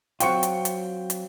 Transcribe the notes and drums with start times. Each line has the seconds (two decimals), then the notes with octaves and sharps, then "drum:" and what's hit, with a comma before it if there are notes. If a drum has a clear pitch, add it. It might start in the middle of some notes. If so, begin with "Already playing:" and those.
0.20 F#3 C4 F4 G5 C#6 C#7, drum: hi-hat
0.43 drum: hi-hat
0.65 drum: hi-hat
1.10 drum: hi-hat